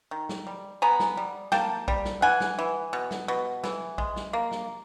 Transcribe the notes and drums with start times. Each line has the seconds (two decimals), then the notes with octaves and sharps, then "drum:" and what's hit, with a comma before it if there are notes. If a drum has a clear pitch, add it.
0.11 D#3
0.29 drum: snare
0.47 G3
0.82 B3 G#5 A#5
1.00 drum: snare
1.17 G3
1.52 A#3 G5 A5, drum: snare
1.88 G3, drum: kick A#1
2.05 drum: snare
2.22 E3 F#5 G#5
2.40 drum: snare
2.59 E3
2.93 B2
3.11 drum: snare
3.28 B2
3.64 E3, drum: snare
3.98 G#3, drum: kick A#1
4.16 drum: snare
4.33 A#3
4.51 drum: snare